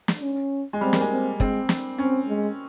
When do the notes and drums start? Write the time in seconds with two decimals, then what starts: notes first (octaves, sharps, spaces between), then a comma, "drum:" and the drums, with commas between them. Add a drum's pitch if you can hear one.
0.08 drum: snare
0.22 C#4
0.73 G#3
0.81 G3 C4
0.93 A#3, drum: snare
1.01 G#3
1.10 C4
1.40 G#3 C4, drum: kick
1.69 drum: snare
1.98 C4 C#4
2.28 G#3